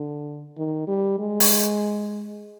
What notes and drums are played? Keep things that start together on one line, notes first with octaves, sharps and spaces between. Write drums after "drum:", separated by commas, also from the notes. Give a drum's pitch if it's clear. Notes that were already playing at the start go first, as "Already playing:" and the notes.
Already playing: D3
D#3
G3
G#3
drum: open hi-hat